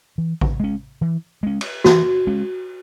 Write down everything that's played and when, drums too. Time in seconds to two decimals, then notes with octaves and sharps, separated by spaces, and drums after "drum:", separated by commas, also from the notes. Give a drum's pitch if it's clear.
0.18 E3
0.41 drum: kick A1
0.60 G#3 C#4
1.01 E3
1.43 G#3 C#4
1.61 drum: cymbal
1.84 E3 F#4, drum: snare
2.27 G#3 C#4